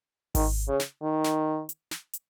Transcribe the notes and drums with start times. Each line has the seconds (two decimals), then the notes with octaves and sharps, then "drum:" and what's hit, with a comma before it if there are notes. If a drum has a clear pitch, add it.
0.35 D#3, drum: kick G#1, open hi-hat
0.68 C#3
0.80 drum: snare
1.02 D#3
1.24 drum: snare
1.69 drum: hi-hat
1.91 drum: snare
2.13 drum: hi-hat